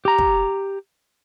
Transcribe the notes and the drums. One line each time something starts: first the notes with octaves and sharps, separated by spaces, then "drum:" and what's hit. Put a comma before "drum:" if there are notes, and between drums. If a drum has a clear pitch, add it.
G4 A#5
drum: kick